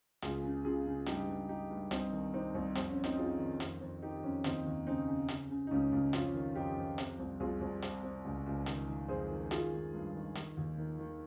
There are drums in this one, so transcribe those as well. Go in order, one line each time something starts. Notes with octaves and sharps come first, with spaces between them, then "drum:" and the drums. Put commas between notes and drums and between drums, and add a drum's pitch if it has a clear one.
C#2 F4 G#4, drum: hi-hat
C#3
C#3 F4 G#4
C#3
G2 D#4 G4, drum: hi-hat
G2
G2 D#4 G4
G2
C2 C4 D#4, drum: hi-hat
D#3
C3 C4 D#4
C2
F2 C4, drum: hi-hat
C#4
F2
C4 D#4, drum: hi-hat
F2 F4 G#4
D#3
F2, drum: hi-hat
F2
D#3 D#4 G4
F2 C#4
D#2 C4 D#4, drum: hi-hat
D#2
C#3 C4 D#4
C#3
C#3, drum: hi-hat
C#3
D#4
C#2 C#4
C#2
F2 C#4 F4, drum: hi-hat
D#3
F2 D#4 G4
F2
C3, drum: hi-hat
C2
C2 F4 G#4
C2
C3, drum: hi-hat
C3
C#2
C#2
D#3, drum: hi-hat
D#3
F2 G#4 C5
D#3
D#3 F4 G#4, drum: hi-hat
D#3
G2
D#3
D#3, drum: hi-hat
D#2
D#3
D#3